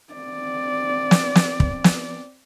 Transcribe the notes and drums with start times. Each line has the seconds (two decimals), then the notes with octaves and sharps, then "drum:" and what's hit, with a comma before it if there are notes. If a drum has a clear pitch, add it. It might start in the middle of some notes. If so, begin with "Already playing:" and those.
0.13 C4 D5
1.11 drum: snare
1.35 drum: snare
1.60 drum: kick
1.84 drum: snare